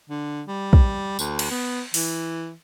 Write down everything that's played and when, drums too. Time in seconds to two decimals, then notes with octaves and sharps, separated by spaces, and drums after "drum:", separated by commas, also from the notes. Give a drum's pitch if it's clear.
0.10 D3
0.48 G3
0.73 drum: kick
1.19 D2, drum: tambourine
1.39 drum: cymbal
1.51 B3
1.94 E3, drum: open hi-hat